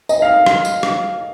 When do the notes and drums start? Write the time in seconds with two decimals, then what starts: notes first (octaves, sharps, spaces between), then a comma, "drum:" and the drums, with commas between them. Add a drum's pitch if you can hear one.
0.09 D#5, drum: tambourine
0.22 F5
0.46 drum: rim click
0.65 drum: tambourine
0.83 drum: rim click